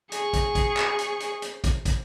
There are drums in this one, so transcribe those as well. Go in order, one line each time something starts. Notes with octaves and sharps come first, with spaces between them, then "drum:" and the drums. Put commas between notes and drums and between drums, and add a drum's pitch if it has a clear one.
G#4 C#6, drum: hi-hat
drum: kick, hi-hat
drum: kick, hi-hat
drum: clap
drum: hi-hat
drum: hi-hat
drum: hi-hat
drum: kick, hi-hat
drum: kick, hi-hat